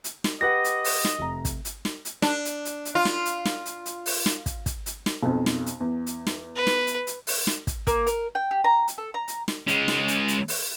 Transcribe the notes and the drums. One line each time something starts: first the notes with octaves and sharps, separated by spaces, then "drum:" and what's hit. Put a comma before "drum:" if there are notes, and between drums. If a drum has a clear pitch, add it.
drum: hi-hat
drum: snare
G4 B4 D#5 F#5 A#6
drum: hi-hat
drum: open hi-hat
drum: snare
F1 A#5
drum: kick, hi-hat
drum: hi-hat
drum: snare
drum: hi-hat
D4, drum: snare
drum: hi-hat
drum: hi-hat
drum: hi-hat
F4
drum: snare
drum: hi-hat
drum: snare
drum: hi-hat
drum: hi-hat
drum: open hi-hat
drum: snare
drum: kick, hi-hat
drum: kick, hi-hat
drum: hi-hat
drum: snare
B1 F2
drum: snare
drum: hi-hat
E2
drum: hi-hat
drum: snare
B4
drum: snare
drum: hi-hat
drum: hi-hat
drum: open hi-hat
drum: snare
drum: kick, hi-hat
A#3, drum: kick, hi-hat
A#4, drum: hi-hat
G5
G4
A#5
drum: hi-hat
A4
A#5
drum: hi-hat
drum: snare
G#3 C#4, drum: hi-hat
drum: snare
drum: hi-hat
drum: hi-hat
drum: open hi-hat